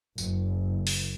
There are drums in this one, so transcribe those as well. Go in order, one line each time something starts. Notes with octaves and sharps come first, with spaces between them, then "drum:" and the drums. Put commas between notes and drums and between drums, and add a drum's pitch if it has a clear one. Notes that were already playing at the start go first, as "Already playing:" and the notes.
F#1, drum: tambourine
drum: open hi-hat